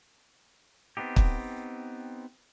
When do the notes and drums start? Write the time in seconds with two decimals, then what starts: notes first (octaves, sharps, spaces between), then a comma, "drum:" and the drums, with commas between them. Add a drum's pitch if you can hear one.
0.97 B3 C4 D#4 G4
1.16 drum: kick